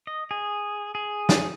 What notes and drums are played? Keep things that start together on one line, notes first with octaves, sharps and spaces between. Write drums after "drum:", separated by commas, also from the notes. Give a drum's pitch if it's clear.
D#5
G#4
G#4
drum: snare